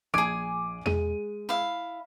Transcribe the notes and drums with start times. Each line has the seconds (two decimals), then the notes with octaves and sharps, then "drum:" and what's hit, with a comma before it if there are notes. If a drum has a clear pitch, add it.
0.14 A#1 G#4 G#5 D6 D7
0.86 G#3 D#7, drum: tom E2
1.49 E4 F5